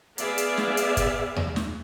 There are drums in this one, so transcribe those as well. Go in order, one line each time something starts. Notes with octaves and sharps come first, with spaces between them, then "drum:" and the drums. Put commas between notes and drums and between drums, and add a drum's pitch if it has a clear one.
B3 G#4 D5 E5 F5, drum: hi-hat
drum: hi-hat
drum: snare
drum: hi-hat
drum: kick, hi-hat
drum: tom E2
drum: snare